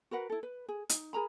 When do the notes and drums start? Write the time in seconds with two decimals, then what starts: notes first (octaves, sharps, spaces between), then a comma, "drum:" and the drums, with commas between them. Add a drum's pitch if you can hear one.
0.11 F#4 A#4 B4 F#5
0.30 E4 A4
0.43 B4
0.69 G#4
0.89 D#4, drum: hi-hat
1.13 G#4 A#4 A#5 B5